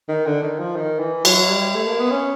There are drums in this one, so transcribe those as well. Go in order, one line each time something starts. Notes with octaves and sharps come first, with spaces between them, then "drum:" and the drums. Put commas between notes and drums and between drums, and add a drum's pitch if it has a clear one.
D#3
D3
D#3
F3
D#3
E3
F#3, drum: cymbal
G3
A3
A#3
B3
C#4